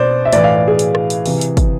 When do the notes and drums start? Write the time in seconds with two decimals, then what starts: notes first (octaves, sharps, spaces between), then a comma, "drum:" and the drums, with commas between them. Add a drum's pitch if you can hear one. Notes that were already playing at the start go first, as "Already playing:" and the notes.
Already playing: B2 C5 D5
0.25 E5
0.33 A2 E3 D5, drum: hi-hat
0.44 F5
0.56 D5
0.68 G#4
0.79 drum: hi-hat
0.95 drum: rim click
1.10 drum: hi-hat
1.26 C3 E3, drum: open hi-hat
1.41 drum: hi-hat
1.57 drum: kick, hi-hat